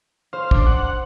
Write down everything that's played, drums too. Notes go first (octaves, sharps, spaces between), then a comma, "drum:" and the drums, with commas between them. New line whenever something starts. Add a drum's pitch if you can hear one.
C5 F5
D4, drum: kick
F#5